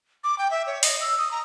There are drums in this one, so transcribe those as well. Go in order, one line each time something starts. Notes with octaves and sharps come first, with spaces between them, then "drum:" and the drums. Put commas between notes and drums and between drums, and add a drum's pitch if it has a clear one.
D6
G5
E5
C#5
D#5, drum: open hi-hat
E6
D#6
A#5